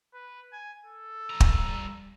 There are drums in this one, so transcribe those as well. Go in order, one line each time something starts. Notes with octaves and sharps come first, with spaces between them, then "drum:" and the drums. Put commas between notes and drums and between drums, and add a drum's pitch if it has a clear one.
B4
G#5
A4
G2 A#5
drum: kick